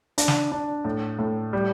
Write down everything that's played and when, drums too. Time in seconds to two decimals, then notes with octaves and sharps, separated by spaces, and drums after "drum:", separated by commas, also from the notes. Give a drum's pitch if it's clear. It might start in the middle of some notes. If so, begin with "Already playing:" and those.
0.18 D4, drum: hi-hat
0.28 drum: snare
0.52 D4
0.85 A2
1.19 A2
1.53 G3